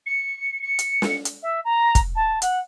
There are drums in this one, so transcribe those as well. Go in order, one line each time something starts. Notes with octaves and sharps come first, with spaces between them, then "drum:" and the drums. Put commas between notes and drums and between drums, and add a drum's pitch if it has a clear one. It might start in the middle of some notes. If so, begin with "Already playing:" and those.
C#7
C#7
drum: hi-hat
drum: snare
drum: hi-hat
E5
A#5
drum: kick, hi-hat
A5
F#5, drum: hi-hat